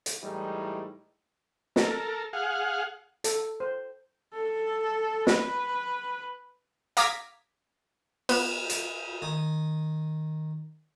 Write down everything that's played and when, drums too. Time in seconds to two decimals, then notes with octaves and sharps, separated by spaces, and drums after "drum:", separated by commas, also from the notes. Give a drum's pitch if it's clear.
0.06 drum: hi-hat
0.23 A2 E3 G3 G#3 D#4
1.76 A4 A#4, drum: snare
2.33 G#4 F5 F#5
3.24 A4, drum: hi-hat
3.60 C5
4.34 A4
5.27 B4, drum: snare
6.97 F5 A#5 D6 D#6 G#6 B6, drum: hi-hat
8.29 B3, drum: cymbal
8.70 drum: hi-hat
9.22 D#3 G#5 D#6